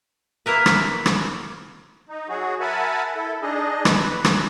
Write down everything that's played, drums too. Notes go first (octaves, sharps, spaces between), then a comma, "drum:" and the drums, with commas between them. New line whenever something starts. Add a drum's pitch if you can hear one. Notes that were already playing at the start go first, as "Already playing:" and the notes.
A#3 E4 A#4 B4
drum: rim click
drum: rim click
D#4
F#3 F#4 G#4
A#4 E5 F#5 G#5 A5 B5
E4 A4
D4 D#4 G#4 D#5
B4, drum: rim click
drum: rim click